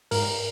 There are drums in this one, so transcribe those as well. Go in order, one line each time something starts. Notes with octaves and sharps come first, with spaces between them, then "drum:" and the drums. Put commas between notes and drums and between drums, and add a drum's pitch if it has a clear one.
G#2 A#4, drum: open hi-hat